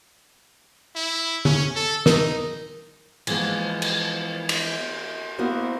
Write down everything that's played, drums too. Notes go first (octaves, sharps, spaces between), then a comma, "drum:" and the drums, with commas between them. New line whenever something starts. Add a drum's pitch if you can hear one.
E4
C#4, drum: tom D3
A4
D#4 A#4, drum: snare
E3 F3 G#3 A#3 B3, drum: cymbal
drum: cymbal
drum: cymbal
A#3 B3 E4 F#4 A#4 C5